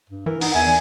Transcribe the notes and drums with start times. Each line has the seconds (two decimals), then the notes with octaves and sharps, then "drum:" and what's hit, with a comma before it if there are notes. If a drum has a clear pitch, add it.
0.09 G2
0.26 E3 A#4
0.41 D#4 F#5, drum: open hi-hat
0.54 E2 E5 G#5
0.67 D5